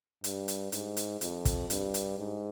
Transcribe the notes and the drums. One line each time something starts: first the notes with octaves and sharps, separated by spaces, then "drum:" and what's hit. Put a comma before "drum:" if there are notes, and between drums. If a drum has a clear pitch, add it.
G2, drum: hi-hat
drum: hi-hat
G#2, drum: hi-hat
drum: hi-hat
F2, drum: hi-hat
drum: kick, hi-hat
G2, drum: hi-hat
drum: hi-hat
G#2